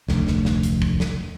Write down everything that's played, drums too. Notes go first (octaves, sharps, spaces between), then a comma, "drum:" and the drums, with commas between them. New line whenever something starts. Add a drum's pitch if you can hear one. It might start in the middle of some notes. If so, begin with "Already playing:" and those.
F1 D2, drum: snare
drum: snare
drum: snare
drum: hi-hat
drum: kick
drum: snare